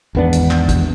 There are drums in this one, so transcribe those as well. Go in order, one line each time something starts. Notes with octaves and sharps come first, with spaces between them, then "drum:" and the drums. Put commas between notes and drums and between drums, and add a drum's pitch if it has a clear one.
G#1 E2 B3 D4
drum: hi-hat
drum: clap
drum: kick G#1, hi-hat